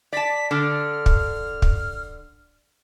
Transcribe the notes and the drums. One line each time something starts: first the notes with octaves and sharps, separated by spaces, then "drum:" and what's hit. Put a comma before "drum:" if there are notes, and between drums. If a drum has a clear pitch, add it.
D5 A5 B6
D3 D4 F6
drum: kick
drum: kick